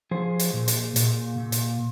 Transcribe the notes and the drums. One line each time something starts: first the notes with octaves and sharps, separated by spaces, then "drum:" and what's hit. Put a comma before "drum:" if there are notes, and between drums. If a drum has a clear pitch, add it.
F3 G#4 C5
drum: hi-hat
A#2
drum: hi-hat
A#2, drum: hi-hat
A#2
drum: hi-hat